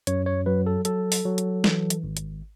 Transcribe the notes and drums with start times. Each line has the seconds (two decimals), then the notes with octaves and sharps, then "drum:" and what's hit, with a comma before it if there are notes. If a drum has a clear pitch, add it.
0.07 F#2 C#5, drum: hi-hat
0.26 C#5
0.46 F#3 B4
0.66 A4
0.85 F#3 A4, drum: hi-hat
1.12 drum: open hi-hat
1.25 F#3
1.38 drum: hi-hat
1.64 E3, drum: snare
1.90 drum: hi-hat
2.04 G#1
2.17 drum: hi-hat